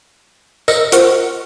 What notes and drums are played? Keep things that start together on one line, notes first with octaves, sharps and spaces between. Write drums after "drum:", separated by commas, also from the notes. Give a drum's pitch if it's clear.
A#4 D#5 E6 F6 A#6 C#7, drum: tambourine
F4 A#4 C5 F#5 C#6 F6, drum: hi-hat